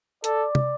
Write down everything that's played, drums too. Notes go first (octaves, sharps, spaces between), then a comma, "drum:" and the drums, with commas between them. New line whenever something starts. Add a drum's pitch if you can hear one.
A4 D5, drum: hi-hat
drum: tom